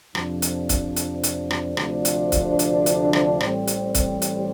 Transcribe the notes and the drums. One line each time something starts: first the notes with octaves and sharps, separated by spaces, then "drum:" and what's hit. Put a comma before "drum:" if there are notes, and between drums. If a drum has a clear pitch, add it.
F2 C3 F3 D4, drum: rim click
drum: hi-hat
drum: kick C#1, hi-hat
drum: hi-hat
drum: hi-hat
drum: rim click
D2 C3 F3 D4, drum: rim click
drum: hi-hat
drum: kick C#1, hi-hat
drum: hi-hat
drum: hi-hat
drum: rim click
A1 A2 G3 C4, drum: rim click
drum: hi-hat
drum: kick C#1, hi-hat
drum: hi-hat